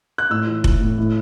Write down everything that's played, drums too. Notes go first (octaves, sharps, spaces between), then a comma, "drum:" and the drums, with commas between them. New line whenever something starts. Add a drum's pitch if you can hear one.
F#6
A2 E6
E3
E3, drum: kick F1
A2
A2